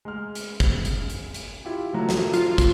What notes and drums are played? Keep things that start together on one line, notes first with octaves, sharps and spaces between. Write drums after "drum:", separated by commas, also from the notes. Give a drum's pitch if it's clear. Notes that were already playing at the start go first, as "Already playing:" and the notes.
G#3 F6
drum: hi-hat
drum: kick, hi-hat
drum: hi-hat
drum: hi-hat
drum: hi-hat
E4 F4 G4
F3 F#3 A3
drum: snare
F4, drum: hi-hat
drum: kick, hi-hat